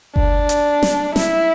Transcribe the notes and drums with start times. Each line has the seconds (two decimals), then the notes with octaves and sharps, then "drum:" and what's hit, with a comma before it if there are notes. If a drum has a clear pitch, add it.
0.16 D4, drum: kick F#1
0.49 drum: hi-hat
0.83 drum: snare
1.16 E4, drum: snare